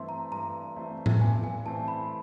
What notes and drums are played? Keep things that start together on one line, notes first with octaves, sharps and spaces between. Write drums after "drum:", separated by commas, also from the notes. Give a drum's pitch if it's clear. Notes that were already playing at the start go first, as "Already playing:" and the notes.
Already playing: G2 E3 A3 C4 E4 C6
A#5
G2 A#5
E3 A3 C4 E4
drum: tom A2
G2 G#5
G#5
E3 A3 C4 E4 A5
B5